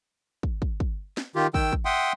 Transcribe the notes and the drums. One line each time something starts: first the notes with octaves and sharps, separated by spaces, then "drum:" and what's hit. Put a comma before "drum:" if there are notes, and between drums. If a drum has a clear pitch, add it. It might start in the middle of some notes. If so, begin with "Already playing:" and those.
drum: kick
drum: kick
drum: kick
drum: snare
D#3 F4 G4
D#3 G5 E6, drum: kick
drum: kick
E5 F#5 G5 C6 D#6